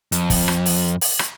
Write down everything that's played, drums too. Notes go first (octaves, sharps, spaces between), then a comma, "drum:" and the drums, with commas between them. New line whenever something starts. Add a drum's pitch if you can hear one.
F2, drum: hi-hat
drum: kick, open hi-hat
drum: rim click
drum: open hi-hat
drum: open hi-hat
drum: rim click